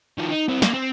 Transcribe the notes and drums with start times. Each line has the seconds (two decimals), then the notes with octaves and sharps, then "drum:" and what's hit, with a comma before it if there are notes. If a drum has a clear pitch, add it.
0.18 D#3 F3
0.31 D#4
0.49 C4 E4
0.62 A#3, drum: snare
0.74 C4